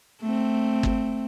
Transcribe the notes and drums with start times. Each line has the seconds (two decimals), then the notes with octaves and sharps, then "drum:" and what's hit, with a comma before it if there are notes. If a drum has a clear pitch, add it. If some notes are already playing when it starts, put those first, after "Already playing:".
0.22 A3 C4
0.83 drum: kick G1